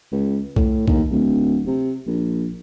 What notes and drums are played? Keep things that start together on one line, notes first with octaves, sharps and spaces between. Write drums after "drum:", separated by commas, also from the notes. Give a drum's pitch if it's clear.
C#2
A2, drum: kick B1
D#2, drum: kick B1
D1
C3
A#1